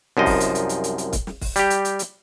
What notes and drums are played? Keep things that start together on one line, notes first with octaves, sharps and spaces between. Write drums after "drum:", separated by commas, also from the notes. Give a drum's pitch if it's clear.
C2 F#2 F3 D#5
drum: kick, open hi-hat
drum: hi-hat
drum: hi-hat
drum: hi-hat
drum: hi-hat
drum: hi-hat
drum: kick, hi-hat
drum: snare
drum: kick, open hi-hat
G3 G4, drum: hi-hat
drum: hi-hat
drum: hi-hat
drum: hi-hat